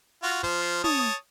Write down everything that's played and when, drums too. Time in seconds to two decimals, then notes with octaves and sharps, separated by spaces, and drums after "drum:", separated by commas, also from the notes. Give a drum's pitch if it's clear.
0.23 F4 F#4
0.43 F3 C5, drum: kick
0.84 C#5 A5 D#6, drum: tom